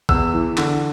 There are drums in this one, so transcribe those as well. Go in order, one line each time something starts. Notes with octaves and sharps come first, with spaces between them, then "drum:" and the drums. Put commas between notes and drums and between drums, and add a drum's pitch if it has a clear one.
E2 E6, drum: kick
E3
D3, drum: clap